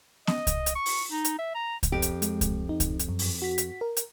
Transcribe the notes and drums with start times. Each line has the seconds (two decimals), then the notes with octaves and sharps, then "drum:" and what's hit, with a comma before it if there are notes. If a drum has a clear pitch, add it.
0.27 D#5, drum: snare B3
0.47 drum: kick C2, hi-hat
0.66 drum: hi-hat
0.75 C#6
0.86 drum: open hi-hat
1.12 D#4
1.24 drum: hi-hat
1.39 E5
1.55 A#5
1.83 drum: kick C2, hi-hat
1.92 F2 G4 G5
2.02 drum: hi-hat
2.22 G#3, drum: hi-hat
2.41 drum: kick C2, hi-hat
2.69 D#4
2.80 drum: kick C2, hi-hat
2.99 drum: hi-hat
3.09 F#2
3.19 drum: open hi-hat
3.42 F#4 B6
3.58 drum: hi-hat
3.81 A#4
3.97 drum: hi-hat